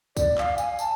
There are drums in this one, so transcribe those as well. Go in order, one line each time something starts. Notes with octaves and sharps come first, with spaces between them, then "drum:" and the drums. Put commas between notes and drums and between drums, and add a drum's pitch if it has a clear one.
D5, drum: kick, tambourine
F5, drum: clap
G#5, drum: tambourine
A5, drum: tambourine